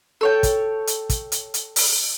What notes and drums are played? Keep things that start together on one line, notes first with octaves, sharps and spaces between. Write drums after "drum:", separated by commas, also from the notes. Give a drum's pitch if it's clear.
A4 C#5 G5
drum: kick, hi-hat
drum: hi-hat
drum: kick, hi-hat
drum: hi-hat
drum: hi-hat
drum: open hi-hat